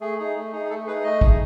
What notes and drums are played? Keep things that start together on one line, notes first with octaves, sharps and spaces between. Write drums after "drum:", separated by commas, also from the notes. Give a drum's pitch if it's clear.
A3 G#4
D#4 G#4
A3
D#4 G#4
G#4
A3 A4
D#4 G#4 B4
A3 D#5
D#4 G#4, drum: kick